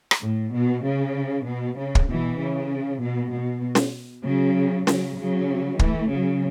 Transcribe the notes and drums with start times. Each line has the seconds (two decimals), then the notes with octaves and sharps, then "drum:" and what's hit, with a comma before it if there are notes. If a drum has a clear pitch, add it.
0.11 drum: rim click
0.22 A2
0.54 B2
0.84 C#3
1.46 B2
1.78 C#3
1.95 drum: kick
2.08 B2 E3
2.40 C#3
3.01 B2
3.32 B2
3.75 drum: snare
4.25 C#3 F#3
4.87 C#3 F#3, drum: snare
5.17 C#3 F#3
5.79 E3 A3, drum: kick
6.10 C#3 F#3